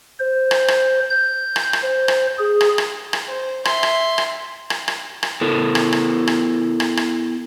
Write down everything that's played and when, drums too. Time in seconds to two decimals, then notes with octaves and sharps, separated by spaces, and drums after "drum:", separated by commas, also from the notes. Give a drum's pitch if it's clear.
0.20 C5
0.51 drum: rim click
0.68 drum: rim click
1.10 G6
1.56 drum: rim click
1.73 drum: rim click
1.82 C5
2.08 drum: rim click
2.39 G#4
2.61 drum: rim click
2.78 drum: rim click
3.13 drum: rim click
3.26 C5
3.65 E5 C6, drum: rim click
3.83 drum: rim click
4.18 drum: rim click
4.70 drum: rim click
4.88 drum: rim click
5.23 drum: rim click
5.41 B3 E4 A4 A#4
5.75 drum: rim click
5.93 drum: rim click
6.27 drum: rim click
6.80 drum: rim click
6.97 drum: rim click